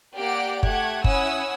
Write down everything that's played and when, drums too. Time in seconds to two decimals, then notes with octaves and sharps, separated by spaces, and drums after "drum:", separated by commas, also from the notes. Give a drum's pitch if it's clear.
0.15 A#3 G4 D5 F#5 D7
0.63 A3 G4 F#5 F#6 G#6, drum: kick F#1
1.04 C#4 E4 F#5 G#5 D#6 E6, drum: kick F#1